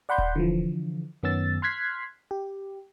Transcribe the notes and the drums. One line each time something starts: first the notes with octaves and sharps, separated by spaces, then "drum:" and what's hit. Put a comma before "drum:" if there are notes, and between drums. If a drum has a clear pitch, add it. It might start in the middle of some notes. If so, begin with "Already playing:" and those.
D5 F#5 B5 C6 G6
drum: kick D#1
D3 E3 F3
F#2 D#3 B3 C#4 E6 A6
C6 F6 F#6 G#6 B6 C7
G4